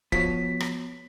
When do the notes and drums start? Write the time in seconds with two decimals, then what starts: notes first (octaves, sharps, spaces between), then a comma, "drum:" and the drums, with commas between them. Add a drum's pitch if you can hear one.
0.12 F3 B3 F#4 C#5 A5 B6, drum: kick
0.60 drum: rim click